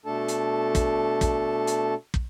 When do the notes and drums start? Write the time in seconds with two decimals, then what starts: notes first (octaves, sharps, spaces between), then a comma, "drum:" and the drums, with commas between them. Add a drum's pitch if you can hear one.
0.05 B2 A3 D4 A4 A5
0.28 drum: hi-hat
0.75 drum: kick, hi-hat
1.21 drum: kick, hi-hat
1.67 drum: hi-hat
2.14 drum: kick